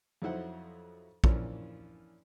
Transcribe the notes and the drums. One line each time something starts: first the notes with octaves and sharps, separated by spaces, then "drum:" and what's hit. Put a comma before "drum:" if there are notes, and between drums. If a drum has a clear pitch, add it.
F2 F#3 D#4 E4 C5 F#5
E3 F3 A#3 C#4 D4, drum: kick A#1